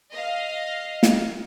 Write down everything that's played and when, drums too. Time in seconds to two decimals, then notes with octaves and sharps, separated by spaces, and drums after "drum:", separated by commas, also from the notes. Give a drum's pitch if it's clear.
0.12 D#5 F5
1.03 drum: snare